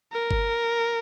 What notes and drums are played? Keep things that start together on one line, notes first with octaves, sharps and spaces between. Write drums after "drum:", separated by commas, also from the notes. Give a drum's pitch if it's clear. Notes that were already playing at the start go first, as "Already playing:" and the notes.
A#4
drum: kick G1